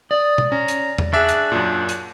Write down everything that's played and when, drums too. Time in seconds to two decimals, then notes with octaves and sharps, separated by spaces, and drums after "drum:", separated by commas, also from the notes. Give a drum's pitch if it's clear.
0.11 D5 D#6
0.38 drum: tom
0.52 C#4 A#5
0.68 drum: hi-hat
0.98 drum: tom
1.13 D4 F#4 G#4 E5
1.29 drum: hi-hat
1.52 F#2 A#2
1.89 drum: hi-hat